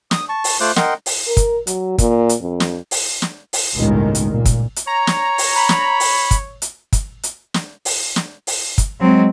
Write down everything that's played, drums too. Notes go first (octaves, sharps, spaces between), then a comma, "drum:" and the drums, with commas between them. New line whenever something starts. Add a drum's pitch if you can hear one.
D#6, drum: snare
A5 C#6
drum: open hi-hat
A3 F4 C5 D6 F#6
A#4 D#5 F#5 G5 C6, drum: snare
drum: open hi-hat
A#4
drum: kick, hi-hat
F#3, drum: hi-hat
A#2, drum: kick, hi-hat
drum: hi-hat
F2
drum: snare
drum: open hi-hat
drum: snare
drum: open hi-hat
G1 C#2 A2 D#3 G#3
drum: hi-hat
A#2
drum: kick, hi-hat
drum: hi-hat
C#5 A#5
drum: snare
drum: open hi-hat
B5
drum: snare
drum: open hi-hat
drum: kick, hi-hat
drum: hi-hat
drum: kick, hi-hat
drum: hi-hat
drum: snare
drum: open hi-hat
drum: snare
drum: open hi-hat
drum: kick, hi-hat
F#3 G#3 C4